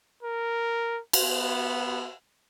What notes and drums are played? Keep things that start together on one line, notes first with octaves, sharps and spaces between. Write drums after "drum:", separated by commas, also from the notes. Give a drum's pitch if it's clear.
A#4
drum: cymbal
B3